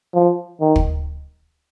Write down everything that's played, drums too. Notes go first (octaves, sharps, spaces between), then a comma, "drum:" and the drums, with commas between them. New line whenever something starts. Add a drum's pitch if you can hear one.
F3
D#3
drum: kick